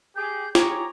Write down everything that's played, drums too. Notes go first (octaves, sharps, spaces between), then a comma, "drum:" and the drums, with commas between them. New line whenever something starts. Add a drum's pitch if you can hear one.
G4 G#4 G6
G4 G#4 C#5 A#5, drum: snare